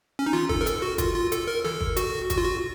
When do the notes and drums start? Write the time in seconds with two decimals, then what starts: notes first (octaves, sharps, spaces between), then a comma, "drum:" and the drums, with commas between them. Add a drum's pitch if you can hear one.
0.19 C#4
0.26 D#4
0.33 F4, drum: snare
0.49 A4, drum: kick
0.61 A#4
0.67 A4, drum: hi-hat
0.82 F#4
0.98 F4, drum: kick, hi-hat
1.15 F4
1.32 A4, drum: hi-hat
1.48 A#4
1.64 A4, drum: snare
1.81 drum: kick
1.97 F#4, drum: hi-hat
2.30 F#4, drum: kick, hi-hat
2.38 F4
2.45 F#4